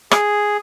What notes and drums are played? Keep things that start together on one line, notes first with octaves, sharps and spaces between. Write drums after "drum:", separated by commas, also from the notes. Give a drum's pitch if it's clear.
G#4, drum: rim click